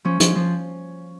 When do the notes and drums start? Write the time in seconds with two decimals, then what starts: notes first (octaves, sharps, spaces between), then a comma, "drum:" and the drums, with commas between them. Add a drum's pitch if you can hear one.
0.05 F3 C#4
0.20 F3, drum: hi-hat
0.36 F3